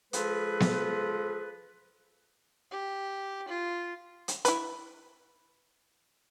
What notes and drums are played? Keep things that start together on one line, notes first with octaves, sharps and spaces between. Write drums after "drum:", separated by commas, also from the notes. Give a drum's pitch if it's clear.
F3 G#3 G#4 A4 B4, drum: hi-hat
drum: snare B3
G4
F4
drum: hi-hat
E4 B4, drum: hi-hat